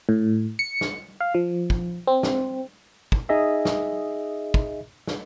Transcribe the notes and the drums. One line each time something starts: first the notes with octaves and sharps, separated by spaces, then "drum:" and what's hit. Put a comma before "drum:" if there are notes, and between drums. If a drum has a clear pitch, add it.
A2
C#7
drum: snare
F5
F3
drum: kick
C4
drum: snare
drum: kick
D#4 G#4 D#5 E5
drum: snare
drum: kick
drum: snare